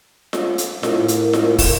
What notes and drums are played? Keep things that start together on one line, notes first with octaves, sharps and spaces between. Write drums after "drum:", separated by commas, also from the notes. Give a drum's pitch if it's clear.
drum: snare F4
drum: hi-hat
A2 A#4, drum: snare F4
drum: hi-hat
drum: snare F4
drum: kick, open hi-hat